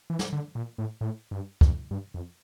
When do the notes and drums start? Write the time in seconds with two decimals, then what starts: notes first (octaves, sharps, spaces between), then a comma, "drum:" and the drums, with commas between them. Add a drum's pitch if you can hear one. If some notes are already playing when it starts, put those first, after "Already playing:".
0.10 E3
0.19 drum: snare
0.33 D3
0.55 A#2
0.78 A2
1.01 A2
1.31 G2
1.61 F2, drum: kick
1.91 G2
2.14 F2